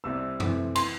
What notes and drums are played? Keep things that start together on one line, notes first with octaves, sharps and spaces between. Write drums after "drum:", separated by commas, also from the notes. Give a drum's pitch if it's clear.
C2 C3 G3 C4 E6
C3 E3 A3 C4 E4, drum: tom F#2
E3 C6, drum: cymbal